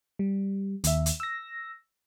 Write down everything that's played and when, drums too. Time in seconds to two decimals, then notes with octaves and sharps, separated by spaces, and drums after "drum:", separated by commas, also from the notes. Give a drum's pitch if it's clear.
0.19 G3
0.84 D#2 E5, drum: hi-hat
1.06 drum: hi-hat
1.20 E6 A#6